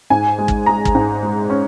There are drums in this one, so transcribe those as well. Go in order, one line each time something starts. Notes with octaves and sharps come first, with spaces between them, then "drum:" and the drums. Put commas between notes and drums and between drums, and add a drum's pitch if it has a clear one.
G#2 G#5
G#3
drum: kick
G#3 A#5
drum: kick
G#2
G#3
C#4